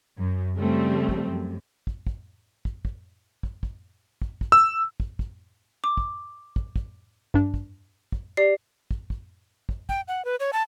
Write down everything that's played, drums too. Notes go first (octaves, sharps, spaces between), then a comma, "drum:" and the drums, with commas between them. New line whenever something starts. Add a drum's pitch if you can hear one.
F#2
C#3 F3 G3 A3 C4
drum: kick
F#2
drum: kick
drum: kick
drum: kick
drum: kick
drum: kick
drum: kick
drum: kick
drum: kick
E6
drum: kick
drum: kick
D6
drum: kick
drum: kick
drum: kick
G2 D4, drum: kick
drum: kick
drum: kick
G4 D5 C7
drum: kick
drum: kick
drum: kick
G5, drum: kick
F#5
B4
C#5
A5